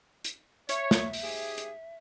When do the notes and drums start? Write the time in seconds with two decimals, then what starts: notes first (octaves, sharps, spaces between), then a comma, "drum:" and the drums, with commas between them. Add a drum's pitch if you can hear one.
0.24 drum: hi-hat
0.69 C#5 E5, drum: hi-hat
0.91 drum: snare
1.13 drum: open hi-hat
1.23 G#2 G4 G#4
1.58 drum: hi-hat